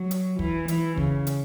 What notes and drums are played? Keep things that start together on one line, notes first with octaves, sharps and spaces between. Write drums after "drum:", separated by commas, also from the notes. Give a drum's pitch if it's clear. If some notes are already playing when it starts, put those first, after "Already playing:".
Already playing: F#3
drum: hi-hat
E3, drum: kick
E3, drum: hi-hat
C#3, drum: kick
drum: hi-hat